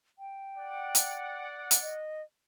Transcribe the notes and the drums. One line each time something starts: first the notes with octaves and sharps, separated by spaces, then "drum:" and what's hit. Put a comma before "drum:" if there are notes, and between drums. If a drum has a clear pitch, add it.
G5
D5 F#5
drum: hi-hat
drum: hi-hat
D#5